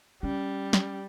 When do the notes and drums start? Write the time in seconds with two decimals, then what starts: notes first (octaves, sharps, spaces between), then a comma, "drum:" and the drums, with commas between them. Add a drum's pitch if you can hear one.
0.23 G3 C#4
0.73 drum: snare